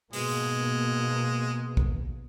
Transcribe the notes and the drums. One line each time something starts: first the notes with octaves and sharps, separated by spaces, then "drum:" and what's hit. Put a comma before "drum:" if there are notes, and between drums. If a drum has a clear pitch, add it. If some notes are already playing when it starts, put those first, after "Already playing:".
G#2 B2 G#3 A#3, drum: open hi-hat
drum: kick A#1